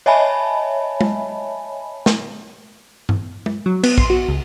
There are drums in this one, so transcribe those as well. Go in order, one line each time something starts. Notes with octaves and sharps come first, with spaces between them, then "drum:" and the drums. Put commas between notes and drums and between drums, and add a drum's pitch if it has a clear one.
C#5 D#5 E5 G#5 A5 B5
drum: tom G#3
drum: snare
drum: tom G2
drum: tom G#3
F#3
B3, drum: cymbal
C6, drum: kick
F#4
C#2